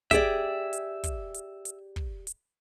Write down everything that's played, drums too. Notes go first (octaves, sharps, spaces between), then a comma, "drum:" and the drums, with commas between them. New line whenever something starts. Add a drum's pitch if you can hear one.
G4 G#4 D5 E5, drum: kick, hi-hat
drum: hi-hat
drum: kick, hi-hat
drum: hi-hat
drum: hi-hat
drum: kick
drum: hi-hat